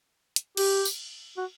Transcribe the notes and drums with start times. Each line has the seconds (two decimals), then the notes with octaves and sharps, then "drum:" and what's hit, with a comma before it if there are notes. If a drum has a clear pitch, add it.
0.36 drum: hi-hat
0.57 G4, drum: cymbal
0.85 drum: tambourine
1.37 F#4